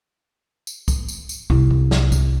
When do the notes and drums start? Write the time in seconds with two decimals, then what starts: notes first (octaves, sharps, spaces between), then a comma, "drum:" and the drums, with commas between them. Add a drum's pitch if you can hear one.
0.67 drum: tambourine
0.88 drum: kick, tambourine
1.08 drum: tambourine
1.29 drum: tambourine
1.50 C2 E4, drum: kick
1.71 drum: kick
1.91 drum: snare
2.12 drum: kick, tambourine